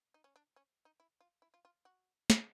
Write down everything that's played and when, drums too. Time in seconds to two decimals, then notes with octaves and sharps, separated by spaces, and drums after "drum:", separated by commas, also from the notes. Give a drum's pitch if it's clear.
0.14 D#4
0.24 C#4
0.36 D4
0.56 C#4
0.85 D#4
1.00 E4
1.20 F4
1.42 E4
1.54 F4
1.65 F4
1.85 F#4
2.30 drum: snare